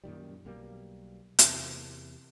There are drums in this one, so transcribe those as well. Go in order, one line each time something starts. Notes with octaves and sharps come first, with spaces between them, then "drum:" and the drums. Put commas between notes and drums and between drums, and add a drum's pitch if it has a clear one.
F#2 A#2 D#3 G3
B1 B2 G3 A#3
E2 C3 A#3, drum: hi-hat